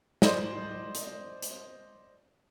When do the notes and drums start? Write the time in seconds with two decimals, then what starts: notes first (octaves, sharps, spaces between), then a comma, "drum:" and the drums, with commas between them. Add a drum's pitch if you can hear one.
0.22 C5 D5 D#5, drum: snare
0.95 drum: hi-hat
1.42 drum: hi-hat